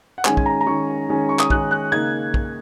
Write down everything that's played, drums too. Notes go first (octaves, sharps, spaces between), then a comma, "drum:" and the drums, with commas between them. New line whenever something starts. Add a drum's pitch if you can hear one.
F#5
D#3 G#3 C#4 G#5, drum: clap
G#5, drum: kick
A#5
A#5
D#3 G#3 C#4 C#6
D#3 G#3 C#4
C#6
D#6, drum: clap
D#3 G#3 C#4 F#6, drum: kick
F#6
C#3 A#3 D#4 G#6
drum: kick